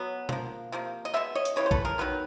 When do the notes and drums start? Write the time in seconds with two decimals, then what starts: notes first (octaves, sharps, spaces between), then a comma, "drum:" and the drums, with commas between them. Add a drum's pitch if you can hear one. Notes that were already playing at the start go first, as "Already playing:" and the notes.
Already playing: B2 F#3 B3
0.29 F3 A#3, drum: tom B2
0.72 C3 F3 A#3
1.05 D#5
1.14 B2 G#3 B3 E5
1.35 C#5 D#5
1.45 drum: hi-hat
1.56 C#3 E3 G3 B4 C#5
1.66 C5
1.71 A4 B4, drum: kick A#1
1.85 G#4 A#4
1.98 D#3 F#3 B3 B4